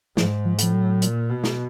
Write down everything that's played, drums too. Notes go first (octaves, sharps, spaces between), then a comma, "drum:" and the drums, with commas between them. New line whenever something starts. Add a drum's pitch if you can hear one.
G#2 F3, drum: snare
F3
A2 F3, drum: hi-hat
F#3
A#2, drum: hi-hat
B2
drum: snare